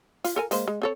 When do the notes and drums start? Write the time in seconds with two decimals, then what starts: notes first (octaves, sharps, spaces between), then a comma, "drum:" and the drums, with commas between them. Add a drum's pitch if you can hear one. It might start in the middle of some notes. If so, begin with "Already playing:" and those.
0.24 F4, drum: hi-hat
0.36 A4 A#4 G#5
0.51 G#3 A#3 C5, drum: hi-hat
0.68 G#3
0.82 C4 A4 C#5